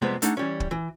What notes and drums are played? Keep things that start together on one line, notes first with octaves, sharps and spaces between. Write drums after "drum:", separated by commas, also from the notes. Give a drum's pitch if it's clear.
F2 C3 G3 G#3 B3 C4
A3 D4 D#4 G#4 F#5, drum: hi-hat
E3 G3 C#4
drum: kick
E3